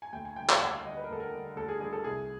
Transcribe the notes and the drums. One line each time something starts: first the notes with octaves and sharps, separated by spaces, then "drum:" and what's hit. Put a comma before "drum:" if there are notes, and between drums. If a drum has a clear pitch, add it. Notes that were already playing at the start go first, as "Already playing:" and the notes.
G#5
D2 G5
G#5
D3 G3 G5
G5, drum: clap
D2 F#5
F5
D3 G3 D#5
B4
A#4
D2 A4
A#4
D3 G3
D2 A4
G#4
D3 G3 G#4
A4
C2 G#4